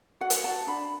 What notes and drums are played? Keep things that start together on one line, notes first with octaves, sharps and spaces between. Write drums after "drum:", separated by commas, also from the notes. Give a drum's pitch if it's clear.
F#4 F#5
drum: hi-hat
F#4 A5
D4 B5